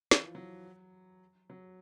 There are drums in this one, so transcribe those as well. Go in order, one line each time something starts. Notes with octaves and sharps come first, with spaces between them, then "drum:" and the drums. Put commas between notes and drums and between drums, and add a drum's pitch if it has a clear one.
E3, drum: snare
F3
F#3
F#3